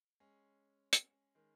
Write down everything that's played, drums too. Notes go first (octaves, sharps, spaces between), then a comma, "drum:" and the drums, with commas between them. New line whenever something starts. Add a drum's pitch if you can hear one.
G#3 C#4
drum: hi-hat
D#3 G#3